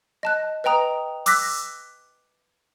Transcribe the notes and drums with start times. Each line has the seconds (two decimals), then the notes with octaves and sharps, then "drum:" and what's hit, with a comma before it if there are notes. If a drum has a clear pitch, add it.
0.23 D#5 A5 F#6
0.64 B4 D#5 G5 A#5 D#6
1.26 D6 E6 F#6 A#6 B6, drum: open hi-hat